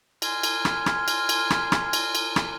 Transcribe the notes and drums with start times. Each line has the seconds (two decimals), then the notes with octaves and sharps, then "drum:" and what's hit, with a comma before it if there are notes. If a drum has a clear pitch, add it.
0.22 G#5 C6 F6 G#6, drum: cymbal
0.43 drum: cymbal
0.65 drum: rim click
0.86 drum: rim click
1.08 drum: cymbal
1.29 drum: cymbal
1.50 drum: rim click
1.72 drum: rim click
1.93 drum: cymbal
2.15 drum: cymbal
2.36 drum: rim click